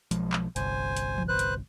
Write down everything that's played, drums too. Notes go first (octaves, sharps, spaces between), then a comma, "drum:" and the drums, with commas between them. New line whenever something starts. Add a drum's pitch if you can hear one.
B1 F3 G#3, drum: hi-hat
drum: clap
G1 C2 C5 G#5, drum: hi-hat
drum: hi-hat
drum: tom E3
B4 C5 F#6
drum: hi-hat